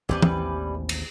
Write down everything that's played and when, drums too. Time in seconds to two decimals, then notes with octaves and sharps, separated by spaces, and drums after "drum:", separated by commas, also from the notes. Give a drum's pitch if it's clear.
0.09 A1 D#2 E3 G3 C4 B4
0.22 drum: tom E3
0.89 drum: cymbal